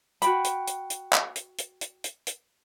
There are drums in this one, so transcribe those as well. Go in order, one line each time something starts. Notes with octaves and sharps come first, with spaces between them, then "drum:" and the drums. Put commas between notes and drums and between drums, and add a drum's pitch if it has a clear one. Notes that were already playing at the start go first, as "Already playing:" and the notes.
F#4 G5 B5, drum: hi-hat
drum: hi-hat
drum: hi-hat
drum: hi-hat
drum: clap
drum: hi-hat
drum: hi-hat
drum: hi-hat
drum: hi-hat
drum: hi-hat